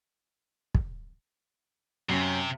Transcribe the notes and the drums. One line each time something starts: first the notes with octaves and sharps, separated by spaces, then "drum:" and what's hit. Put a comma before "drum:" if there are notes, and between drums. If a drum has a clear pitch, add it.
drum: kick
F#2 C3 C#4